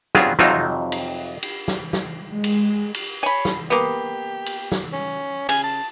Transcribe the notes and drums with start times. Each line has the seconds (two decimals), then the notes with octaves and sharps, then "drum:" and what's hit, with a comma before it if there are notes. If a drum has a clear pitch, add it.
0.15 G2 F#3 B3 C4 F4 G#4, drum: snare
0.39 F2 C3 F#3 C4 D#4 F4, drum: snare
0.92 drum: cymbal
1.43 drum: cymbal
1.68 drum: snare
1.93 drum: snare
2.34 G#3
2.44 drum: cymbal
2.94 drum: cymbal
3.23 C#5 G#5 B5
3.45 drum: snare
3.70 A#3 B3 G4
4.46 drum: cymbal
4.72 drum: snare
4.93 C#4
5.49 C#3 G#5, drum: cymbal
5.64 A5